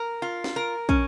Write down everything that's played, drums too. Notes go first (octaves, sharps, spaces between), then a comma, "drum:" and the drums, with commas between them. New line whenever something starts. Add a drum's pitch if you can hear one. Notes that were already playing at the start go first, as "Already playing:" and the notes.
Already playing: A#4
F4
drum: snare
A#4
C#4, drum: kick